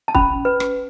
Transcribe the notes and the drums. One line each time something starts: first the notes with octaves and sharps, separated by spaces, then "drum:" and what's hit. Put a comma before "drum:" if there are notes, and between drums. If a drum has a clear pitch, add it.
A5
C#4 B5, drum: kick
B4
drum: rim click